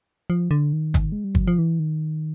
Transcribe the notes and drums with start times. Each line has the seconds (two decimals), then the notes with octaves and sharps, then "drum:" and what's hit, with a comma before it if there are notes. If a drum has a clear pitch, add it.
0.30 F3
0.51 D3
0.73 D#3
0.94 drum: kick, hi-hat
1.12 G#3
1.24 G3
1.35 F#3, drum: kick
1.48 F3
1.59 E3
1.79 D#3